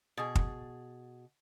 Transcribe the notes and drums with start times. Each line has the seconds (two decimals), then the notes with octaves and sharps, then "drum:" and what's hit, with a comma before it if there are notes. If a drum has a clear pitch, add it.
0.17 B2 G#4
0.35 drum: kick